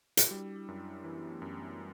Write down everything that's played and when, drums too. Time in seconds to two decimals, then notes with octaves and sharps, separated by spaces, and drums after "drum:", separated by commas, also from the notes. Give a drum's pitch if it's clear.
0.17 F#4, drum: hi-hat
0.24 E4
0.31 G3 D4
0.56 E4
0.68 F#2
0.80 D4
1.04 E3 B3
1.14 C#4
1.21 B3
1.29 A3
1.42 F#2
1.53 G3
1.78 G3